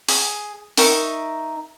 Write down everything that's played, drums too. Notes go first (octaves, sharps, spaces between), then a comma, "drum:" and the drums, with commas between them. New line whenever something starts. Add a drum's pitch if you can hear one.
G#4, drum: open hi-hat
D#4 A#4 E5 C#6, drum: open hi-hat